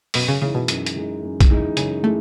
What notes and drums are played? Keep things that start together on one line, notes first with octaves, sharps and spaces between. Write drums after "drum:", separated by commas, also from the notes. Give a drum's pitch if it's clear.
F#2 B2, drum: open hi-hat
C#3
C#3 E3 G#3 D#4
B2
F#2, drum: hi-hat
drum: hi-hat
E3 G#3 D#4
F#2
drum: kick, hi-hat
E3 G#3 D#4
F#2 C#3, drum: hi-hat
E3 G#3 A3